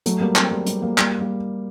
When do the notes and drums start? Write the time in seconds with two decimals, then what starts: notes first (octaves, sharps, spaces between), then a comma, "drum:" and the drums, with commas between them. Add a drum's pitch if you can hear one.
0.06 F#3 A3, drum: hi-hat
0.21 G3 A#3
0.36 A3 C4, drum: clap
0.52 G3
0.66 G3, drum: hi-hat
0.82 G3 A#3
0.98 G3 A#3, drum: clap
1.20 G3 A#3